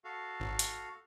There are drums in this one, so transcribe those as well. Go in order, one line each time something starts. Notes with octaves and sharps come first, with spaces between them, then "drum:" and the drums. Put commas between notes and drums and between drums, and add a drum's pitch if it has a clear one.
F#4 A4 F5
G#1
drum: hi-hat